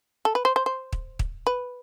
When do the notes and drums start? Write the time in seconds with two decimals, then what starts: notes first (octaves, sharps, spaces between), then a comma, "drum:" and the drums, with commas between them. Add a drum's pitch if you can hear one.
0.25 A4
0.35 B4
0.45 C5
0.56 C5
0.66 C5
0.93 drum: kick
1.19 drum: kick
1.47 B4